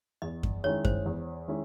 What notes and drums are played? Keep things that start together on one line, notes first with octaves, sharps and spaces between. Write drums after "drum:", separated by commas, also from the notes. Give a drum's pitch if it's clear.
E2 D#5
drum: kick F#2
D#3 G#3 C#4 E4 C#5
C5, drum: kick F#2
E2
D#3 G#3 C#4 E4